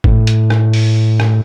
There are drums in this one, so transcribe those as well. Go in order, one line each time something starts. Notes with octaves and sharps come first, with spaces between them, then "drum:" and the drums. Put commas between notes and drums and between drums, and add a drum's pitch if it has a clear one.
A2, drum: kick G1
drum: hi-hat
drum: rim click
drum: open hi-hat
drum: rim click